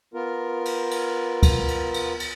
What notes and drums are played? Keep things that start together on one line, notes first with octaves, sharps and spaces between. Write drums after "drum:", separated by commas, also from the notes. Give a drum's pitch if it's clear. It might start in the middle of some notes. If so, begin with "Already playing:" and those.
B3 F4 A#4
drum: cymbal
drum: cymbal
drum: kick C#2, cymbal
drum: cymbal
drum: cymbal
drum: cymbal